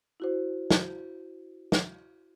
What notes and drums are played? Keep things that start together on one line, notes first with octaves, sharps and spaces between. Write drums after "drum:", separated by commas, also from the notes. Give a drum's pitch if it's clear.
E4 F#4 C5
drum: snare
drum: snare